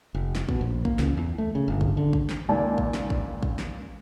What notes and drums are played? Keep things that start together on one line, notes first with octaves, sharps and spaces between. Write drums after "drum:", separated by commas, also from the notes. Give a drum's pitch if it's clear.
F1
drum: snare
B2, drum: kick
A#1
A#3, drum: kick
C#2, drum: snare
E2
A3
C#3
G1
drum: kick
D3
drum: kick
drum: snare
C#2 D#3 A#3 D5 G#5
drum: kick
drum: snare
drum: kick
drum: kick
drum: snare